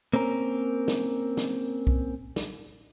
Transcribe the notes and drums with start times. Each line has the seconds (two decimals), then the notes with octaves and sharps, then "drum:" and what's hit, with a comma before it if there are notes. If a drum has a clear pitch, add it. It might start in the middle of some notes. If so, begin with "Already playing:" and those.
0.14 A#3 C4 C#4 A#4
0.88 drum: snare
1.37 drum: snare
1.87 drum: kick B1
2.36 drum: snare